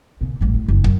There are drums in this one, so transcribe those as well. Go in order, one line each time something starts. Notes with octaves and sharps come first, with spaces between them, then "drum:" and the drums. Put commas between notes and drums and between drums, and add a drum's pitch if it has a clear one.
A#2 C#3
A1 G2
A2
F#1 E2
F#2 D#3, drum: kick